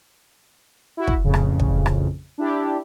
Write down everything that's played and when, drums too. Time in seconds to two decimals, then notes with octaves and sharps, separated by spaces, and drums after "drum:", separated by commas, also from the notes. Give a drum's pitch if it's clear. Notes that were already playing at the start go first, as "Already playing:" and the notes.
0.97 E4 F#4
1.07 drum: kick
1.24 A1 F2 C#3
1.34 drum: rim click
1.60 drum: kick
1.86 drum: rim click
2.38 D4 E4 G4